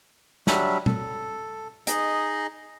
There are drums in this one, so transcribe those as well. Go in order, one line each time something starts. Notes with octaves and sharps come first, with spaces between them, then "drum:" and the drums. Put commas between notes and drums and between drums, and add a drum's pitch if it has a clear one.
F#3 G3 D4 E5, drum: snare
A4, drum: tom B2
D#4 G#4 D#5, drum: hi-hat